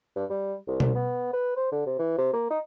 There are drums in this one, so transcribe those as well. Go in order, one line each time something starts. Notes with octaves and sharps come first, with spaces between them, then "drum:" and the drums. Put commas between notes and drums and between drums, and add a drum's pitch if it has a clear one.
G2
G3
C2
drum: tom B2
B3
B4
C5
D3
C3
E3
C3
A#3
D#4